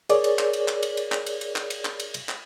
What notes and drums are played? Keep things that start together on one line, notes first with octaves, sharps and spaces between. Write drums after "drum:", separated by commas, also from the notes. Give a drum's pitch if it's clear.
G#4 A#4 C#5 D5, drum: cymbal
drum: cymbal
drum: clap
drum: cymbal
drum: clap
drum: cymbal
drum: cymbal
drum: clap
drum: cymbal
drum: cymbal
drum: clap
drum: cymbal
drum: clap
drum: cymbal
drum: cymbal
drum: clap